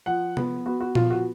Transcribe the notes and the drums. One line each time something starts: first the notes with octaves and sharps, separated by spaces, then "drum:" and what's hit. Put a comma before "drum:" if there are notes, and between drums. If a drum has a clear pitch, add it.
F3 F#5
B3, drum: tom C3
B3 F#4
F#4
F3 F4, drum: tom A#2
F#4